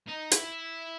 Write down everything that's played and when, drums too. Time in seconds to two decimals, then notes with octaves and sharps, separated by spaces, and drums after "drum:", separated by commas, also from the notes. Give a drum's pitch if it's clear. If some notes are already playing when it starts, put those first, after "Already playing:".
0.08 D#4
0.31 E4, drum: hi-hat